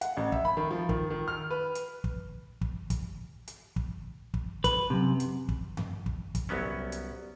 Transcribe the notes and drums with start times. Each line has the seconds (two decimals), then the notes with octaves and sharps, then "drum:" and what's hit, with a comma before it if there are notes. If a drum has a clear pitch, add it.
0.01 F#5, drum: hi-hat
0.17 A1
0.32 E5, drum: kick
0.45 B5
0.57 D#3
0.71 F3
0.89 D#3, drum: kick
1.10 D#3
1.28 F6
1.51 B4
1.75 drum: hi-hat
2.04 drum: kick
2.61 drum: kick
2.90 drum: kick, hi-hat
3.48 drum: hi-hat
3.76 drum: kick
4.34 drum: kick
4.64 B4, drum: kick, hi-hat
4.90 F#2 C3
5.20 drum: hi-hat
5.49 drum: kick
5.77 drum: tom F2
6.06 drum: kick
6.35 drum: kick, hi-hat
6.49 C2 F#3 B3 C#4
6.92 drum: hi-hat